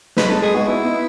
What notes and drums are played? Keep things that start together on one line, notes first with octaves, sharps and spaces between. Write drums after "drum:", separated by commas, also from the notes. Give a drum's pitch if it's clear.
G#3 B3 B4, drum: snare
G#3 A4
G#3 G#4
B3 D#4 F#4
B3 D#4 E4
B3 D#4